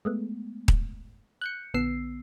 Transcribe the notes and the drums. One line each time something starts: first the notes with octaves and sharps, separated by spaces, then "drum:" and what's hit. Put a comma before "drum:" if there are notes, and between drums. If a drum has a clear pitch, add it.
G#3 A3 B3
drum: kick D#1
F#6 G6 C#7
A#1 D3 B3 E6 C7